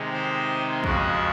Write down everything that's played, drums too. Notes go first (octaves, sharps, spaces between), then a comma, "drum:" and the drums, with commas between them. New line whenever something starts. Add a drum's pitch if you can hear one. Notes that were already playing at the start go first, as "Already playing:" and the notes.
Already playing: C3 D#3 G#3
C5
F2 C#3 G#3 F#4, drum: kick